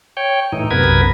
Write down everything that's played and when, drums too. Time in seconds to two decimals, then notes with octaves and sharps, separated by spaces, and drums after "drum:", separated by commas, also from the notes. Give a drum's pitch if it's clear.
0.17 C#5 G5
0.52 A2 E3 D#4
0.71 F#2 C3 B3 A#4 B4 G#6
0.83 drum: tom B1